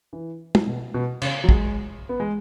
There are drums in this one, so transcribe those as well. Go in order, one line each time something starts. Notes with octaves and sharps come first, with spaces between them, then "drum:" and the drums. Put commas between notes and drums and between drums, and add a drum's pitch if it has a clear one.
E3
drum: tom
B2
B2
C#3, drum: cymbal
F#3
G#3, drum: kick
B3
G#3